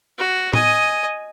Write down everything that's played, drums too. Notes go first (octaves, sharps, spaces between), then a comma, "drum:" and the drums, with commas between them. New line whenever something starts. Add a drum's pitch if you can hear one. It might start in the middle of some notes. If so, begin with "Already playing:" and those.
F#4
D#5 G#5, drum: tom A2